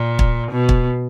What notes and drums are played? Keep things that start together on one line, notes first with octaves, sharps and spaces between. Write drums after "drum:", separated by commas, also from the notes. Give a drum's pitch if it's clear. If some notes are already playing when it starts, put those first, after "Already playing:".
Already playing: A#2
drum: kick
B2
drum: kick